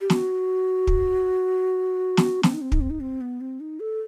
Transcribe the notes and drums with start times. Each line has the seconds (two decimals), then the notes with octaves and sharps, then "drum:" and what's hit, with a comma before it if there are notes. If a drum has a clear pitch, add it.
0.01 G4
0.10 F#4, drum: snare
0.87 drum: kick
2.17 drum: snare
2.43 C4, drum: snare
2.53 D#4
2.62 C4
2.72 D#4, drum: kick
2.81 C4
2.90 D#4
3.00 C4
3.21 B3
3.41 C4
3.60 D#4
3.80 A4